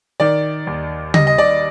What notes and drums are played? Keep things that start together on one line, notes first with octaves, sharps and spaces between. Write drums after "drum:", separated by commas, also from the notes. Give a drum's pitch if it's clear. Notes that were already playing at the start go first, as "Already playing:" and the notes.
D#3 D5
D#2
G3 D#5, drum: tom C#3
D#5
D5